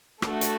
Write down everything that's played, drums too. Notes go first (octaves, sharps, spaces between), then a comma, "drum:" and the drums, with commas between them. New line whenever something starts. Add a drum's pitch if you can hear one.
A3 D4 F#4 A4, drum: rim click
drum: hi-hat